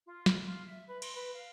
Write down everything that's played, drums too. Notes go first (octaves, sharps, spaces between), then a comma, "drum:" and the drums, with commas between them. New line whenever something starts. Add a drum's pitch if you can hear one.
F4
drum: snare
F4
E5
B4
C6, drum: cymbal
B4
F5